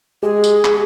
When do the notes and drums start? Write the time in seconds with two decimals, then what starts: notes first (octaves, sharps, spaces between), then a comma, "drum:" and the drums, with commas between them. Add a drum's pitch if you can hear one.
0.23 G#3 G4 G#4
0.44 drum: tambourine
0.65 drum: clap